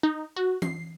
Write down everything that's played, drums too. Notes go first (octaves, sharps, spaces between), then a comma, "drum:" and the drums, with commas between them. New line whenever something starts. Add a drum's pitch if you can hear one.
D#4
F#4
C7, drum: tom E3